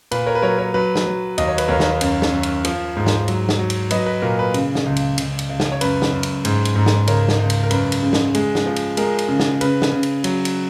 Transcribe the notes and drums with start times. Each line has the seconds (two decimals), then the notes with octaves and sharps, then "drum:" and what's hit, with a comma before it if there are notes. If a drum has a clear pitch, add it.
0.11 A#2 B4, drum: cymbal
0.26 A#4 C#5
0.35 B4
0.42 F#3 A#4 C#5
0.58 A#4 C#5
0.74 F#3 B4
0.95 drum: snare
1.06 F#3
1.38 D#2 D#5, drum: cymbal
1.48 C#5
1.58 B4, drum: cymbal
1.68 D#2 A#4 C#5
1.80 drum: snare
2.01 F#2, drum: cymbal
2.22 drum: snare
2.32 F#2
2.43 drum: cymbal
2.65 F3, drum: cymbal
2.97 G#2
3.06 drum: snare
3.28 F#3, drum: cymbal
3.49 drum: snare
3.59 F#3
3.70 drum: cymbal
3.91 F#3 B4 D#5, drum: cymbal
4.06 B4
4.22 A#2 A#4
4.39 B4
4.54 C#3, drum: cymbal
4.75 drum: snare
4.86 C#2
4.96 drum: cymbal
5.18 C#2, drum: cymbal
5.39 drum: cymbal
5.49 C#2
5.60 drum: snare
5.72 C#5
5.81 F#2 B4, drum: cymbal
6.02 drum: snare
6.12 F#2
6.23 drum: cymbal
6.45 G#2, drum: cymbal
6.65 drum: cymbal
6.76 G#2
6.86 drum: snare
7.07 C#2 A#4 C#5, drum: cymbal
7.29 drum: snare
7.39 C#2
7.50 drum: cymbal
7.63 A#4
7.71 F#2 B4, drum: cymbal
7.92 drum: cymbal
8.03 C#3
8.13 drum: snare
8.35 G#3, drum: cymbal
8.55 drum: snare
8.66 F3
8.76 drum: cymbal
8.97 G#3 A#4, drum: cymbal
9.18 drum: cymbal
9.29 C#3
9.40 drum: snare
9.61 C#3 B4, drum: cymbal
9.82 drum: snare
9.92 C#3
10.03 drum: cymbal
10.24 F#3, drum: cymbal
10.45 drum: cymbal